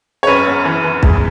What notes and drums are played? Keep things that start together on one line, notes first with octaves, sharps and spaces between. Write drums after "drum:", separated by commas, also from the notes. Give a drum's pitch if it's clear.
C#5
F#2 B4
B3
E3
E3
E2, drum: kick